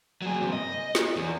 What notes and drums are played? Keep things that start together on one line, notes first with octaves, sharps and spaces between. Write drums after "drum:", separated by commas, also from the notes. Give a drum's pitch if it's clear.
F#3 G#4
G2 C3
D#5
drum: snare
E2